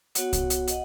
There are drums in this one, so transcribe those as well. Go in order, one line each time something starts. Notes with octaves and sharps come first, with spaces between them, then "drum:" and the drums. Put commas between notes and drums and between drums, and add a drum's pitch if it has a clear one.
B3 F#4 C#5 F#5, drum: hi-hat
drum: kick C2, hi-hat
drum: hi-hat
D#5 F#5, drum: hi-hat